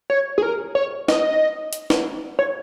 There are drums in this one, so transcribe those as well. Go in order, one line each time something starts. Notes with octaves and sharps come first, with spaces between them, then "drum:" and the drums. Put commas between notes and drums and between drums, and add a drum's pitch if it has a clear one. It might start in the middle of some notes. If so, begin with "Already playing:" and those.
C#5
G#4
A#4
C#5
D#5, drum: snare
drum: hi-hat
drum: snare
C#5